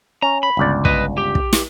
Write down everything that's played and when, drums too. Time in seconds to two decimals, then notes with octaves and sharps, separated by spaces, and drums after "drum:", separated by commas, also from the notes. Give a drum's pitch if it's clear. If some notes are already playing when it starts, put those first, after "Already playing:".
0.22 C#4 A#5
0.43 B5
0.57 G1 C#2 D5
0.85 B4 D#5, drum: kick
1.18 G4
1.35 drum: kick
1.53 drum: snare